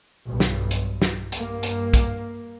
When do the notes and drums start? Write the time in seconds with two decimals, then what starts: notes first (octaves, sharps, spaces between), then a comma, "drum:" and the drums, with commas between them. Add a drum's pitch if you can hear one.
0.28 B1 G2
0.40 drum: snare
0.71 drum: hi-hat
1.02 drum: snare
1.32 G2 A#3, drum: hi-hat
1.63 drum: hi-hat
1.94 drum: kick, hi-hat